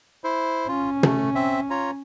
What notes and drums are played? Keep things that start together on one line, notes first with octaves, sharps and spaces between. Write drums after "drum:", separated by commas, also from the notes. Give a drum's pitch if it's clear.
E4 C5
C#4 F4
A3, drum: tom
C4 E5
F4 C#5 A#5